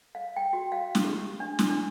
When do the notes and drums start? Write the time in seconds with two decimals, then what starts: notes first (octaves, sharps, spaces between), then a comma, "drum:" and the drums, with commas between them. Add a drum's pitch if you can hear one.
0.15 F5
0.36 G5
0.53 F#4
0.72 F5
0.95 drum: snare
1.04 G4
1.40 D4
1.59 drum: snare
1.70 D4